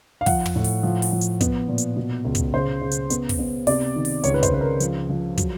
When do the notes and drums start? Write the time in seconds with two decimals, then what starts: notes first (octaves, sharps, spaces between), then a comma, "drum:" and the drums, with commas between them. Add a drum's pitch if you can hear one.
0.21 F5
0.26 F3 F#5, drum: kick, open hi-hat
0.46 drum: tom
0.55 A2
0.64 drum: open hi-hat
0.83 F3
1.02 drum: open hi-hat
1.12 F3
1.21 drum: hi-hat
1.41 B3, drum: kick, hi-hat
1.68 A#2
1.78 drum: hi-hat
1.96 B2
2.25 C#2
2.35 drum: kick, hi-hat
2.54 C#3 C5
2.81 C#3
2.91 drum: hi-hat
3.10 B3, drum: hi-hat
3.29 drum: kick, open hi-hat
3.39 B3
3.67 C3 D5, drum: open hi-hat
3.96 D#3
4.05 drum: open hi-hat
4.23 C#2 C#5, drum: hi-hat
4.34 B4
4.43 C5, drum: kick, hi-hat
4.52 C#2 B4
4.61 A#4
4.80 F3, drum: hi-hat
5.09 F3
5.38 F#3, drum: kick, hi-hat